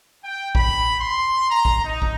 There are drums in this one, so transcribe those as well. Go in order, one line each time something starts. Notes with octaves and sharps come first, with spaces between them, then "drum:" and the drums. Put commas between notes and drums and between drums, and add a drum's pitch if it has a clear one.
G5
B5, drum: kick
C6
A#5
drum: kick
D#4
drum: kick